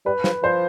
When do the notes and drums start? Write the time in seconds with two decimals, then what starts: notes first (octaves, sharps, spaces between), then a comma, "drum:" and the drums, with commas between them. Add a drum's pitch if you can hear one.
0.06 G3 B4
0.24 F3, drum: snare
0.43 F3 C5